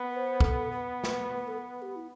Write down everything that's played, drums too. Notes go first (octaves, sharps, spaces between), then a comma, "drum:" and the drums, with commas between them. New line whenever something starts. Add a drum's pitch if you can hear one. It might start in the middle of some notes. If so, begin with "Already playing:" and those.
Already playing: B3
B4
C5
A4, drum: kick
B4
B4, drum: snare
B4
A4
B4
G4
E4